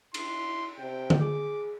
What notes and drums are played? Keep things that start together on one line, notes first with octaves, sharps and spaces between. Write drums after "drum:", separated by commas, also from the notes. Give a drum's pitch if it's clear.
E4 C6, drum: cymbal
C3 G5
drum: tom D3
G#4 D6